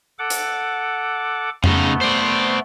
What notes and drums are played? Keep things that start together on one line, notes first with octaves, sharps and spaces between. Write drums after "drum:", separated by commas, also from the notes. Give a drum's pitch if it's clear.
A4 F#5 D6
drum: hi-hat
C#3 A3 B3 D#4, drum: tom F2
C5 D5